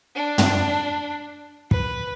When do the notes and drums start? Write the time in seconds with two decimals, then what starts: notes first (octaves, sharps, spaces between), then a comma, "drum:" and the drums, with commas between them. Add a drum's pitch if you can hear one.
0.15 D4
0.38 drum: tom
1.71 B4, drum: kick